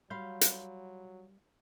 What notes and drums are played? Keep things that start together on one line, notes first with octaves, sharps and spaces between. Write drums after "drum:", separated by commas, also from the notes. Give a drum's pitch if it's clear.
F#3 G3 F5 B5 C6 G6
drum: hi-hat